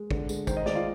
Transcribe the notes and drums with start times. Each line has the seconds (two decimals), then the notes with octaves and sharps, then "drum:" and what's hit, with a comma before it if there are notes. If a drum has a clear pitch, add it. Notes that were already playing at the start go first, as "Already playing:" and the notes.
Already playing: G#3
0.11 D3, drum: kick
0.29 G#3, drum: tambourine
0.47 D#3 C5, drum: kick, tambourine
0.57 D#5
0.66 G#3 D5, drum: snare
0.75 F4